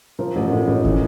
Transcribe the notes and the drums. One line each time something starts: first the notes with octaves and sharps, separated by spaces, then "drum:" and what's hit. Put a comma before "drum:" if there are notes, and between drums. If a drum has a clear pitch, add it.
F3 A#4
A1
A2
A1
E3, drum: kick